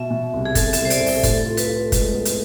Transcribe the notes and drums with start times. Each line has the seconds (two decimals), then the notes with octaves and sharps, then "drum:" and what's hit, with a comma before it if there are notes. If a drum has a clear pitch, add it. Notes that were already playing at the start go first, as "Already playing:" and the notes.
Already playing: B2 E5
0.10 B2
0.33 C2
0.45 G#4
0.55 C2 A4, drum: kick, hi-hat
0.73 E5, drum: hi-hat
0.78 C2
0.85 C5
0.90 D5, drum: hi-hat
1.01 C2
1.07 E5, drum: open hi-hat
1.23 A2 A4, drum: kick, hi-hat
1.46 F4
1.57 B4, drum: hi-hat
1.69 F4
1.92 G#3, drum: kick, hi-hat
2.14 B3
2.25 drum: hi-hat